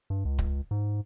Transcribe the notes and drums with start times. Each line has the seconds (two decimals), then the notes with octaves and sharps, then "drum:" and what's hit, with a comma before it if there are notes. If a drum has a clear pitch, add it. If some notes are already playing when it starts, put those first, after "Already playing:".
0.10 G2
0.25 C#2
0.39 drum: kick D1
0.71 G#2